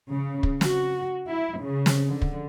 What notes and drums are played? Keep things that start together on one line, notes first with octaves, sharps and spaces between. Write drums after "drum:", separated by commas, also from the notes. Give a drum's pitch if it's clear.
C#3
drum: kick
F#4, drum: snare
E4
C#3
drum: snare
D3
drum: kick